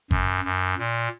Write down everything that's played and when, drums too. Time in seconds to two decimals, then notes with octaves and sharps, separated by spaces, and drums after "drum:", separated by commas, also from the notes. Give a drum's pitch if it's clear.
0.11 F#2, drum: kick G1
0.44 F#2
0.78 A#2